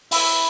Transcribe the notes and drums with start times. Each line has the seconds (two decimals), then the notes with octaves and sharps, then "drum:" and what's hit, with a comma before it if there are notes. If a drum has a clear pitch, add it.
0.11 E4, drum: open hi-hat